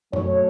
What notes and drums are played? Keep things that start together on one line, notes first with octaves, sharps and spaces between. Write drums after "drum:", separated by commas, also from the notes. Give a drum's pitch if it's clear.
B2 F#3 A3 C#4 C#5, drum: tom F#2